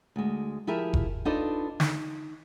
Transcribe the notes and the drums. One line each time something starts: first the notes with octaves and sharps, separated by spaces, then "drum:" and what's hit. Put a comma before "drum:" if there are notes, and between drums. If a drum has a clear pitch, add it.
D2 G#3
F3 E4 G4 G#4 A#4 E5
drum: kick F1
D4 D#4 F4 A4 B4 D#5
D#4, drum: snare